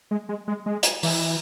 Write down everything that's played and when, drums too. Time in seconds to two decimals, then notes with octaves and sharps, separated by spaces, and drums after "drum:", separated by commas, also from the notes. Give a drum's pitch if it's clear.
0.11 G#3
0.29 G#3
0.48 G#3
0.66 G#3
0.83 drum: hi-hat
1.03 E3, drum: open hi-hat